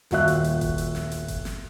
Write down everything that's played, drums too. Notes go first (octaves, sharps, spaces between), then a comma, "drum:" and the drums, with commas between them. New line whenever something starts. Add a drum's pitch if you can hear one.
D#1 F4 F#4 E5 F#6, drum: snare
drum: hi-hat
drum: hi-hat
drum: kick G1, hi-hat
drum: hi-hat
drum: snare
drum: hi-hat
drum: kick G1, hi-hat
drum: snare